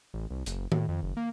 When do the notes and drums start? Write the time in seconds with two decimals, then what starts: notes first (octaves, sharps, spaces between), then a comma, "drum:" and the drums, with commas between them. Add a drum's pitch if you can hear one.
0.14 A1
0.30 C2
0.46 F#1, drum: hi-hat
0.72 A2, drum: tom D#3
0.89 F2
1.03 F#1
1.17 A#3